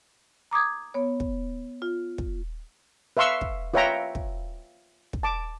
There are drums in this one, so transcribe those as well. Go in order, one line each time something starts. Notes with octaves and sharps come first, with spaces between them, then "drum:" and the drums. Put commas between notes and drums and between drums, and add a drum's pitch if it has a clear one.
A#5 D6 D#6 G#6
B3 C#5
drum: kick
F4
drum: kick
B4 E5 F5 C6 C#6 E6
drum: kick
F4 B4 C#5 E5 G5 A#5
drum: kick
drum: kick
A5 D6